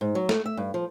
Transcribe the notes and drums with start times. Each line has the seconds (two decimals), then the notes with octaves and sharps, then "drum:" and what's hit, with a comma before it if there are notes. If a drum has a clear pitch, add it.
0.01 G#2
0.15 F#3
0.29 A3, drum: snare
0.46 E5
0.57 G2
0.74 F3